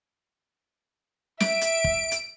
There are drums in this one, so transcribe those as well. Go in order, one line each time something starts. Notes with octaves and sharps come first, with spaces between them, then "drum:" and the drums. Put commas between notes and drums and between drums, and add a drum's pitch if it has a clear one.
E5 D7, drum: snare
drum: hi-hat
drum: kick
drum: hi-hat